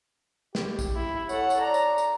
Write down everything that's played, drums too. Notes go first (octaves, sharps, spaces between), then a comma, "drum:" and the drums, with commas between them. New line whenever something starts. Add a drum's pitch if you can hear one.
G4, drum: snare
drum: kick, tambourine
E4
A4 C#5 F#5, drum: tambourine
drum: tambourine
D5 A#5
drum: tambourine
drum: tambourine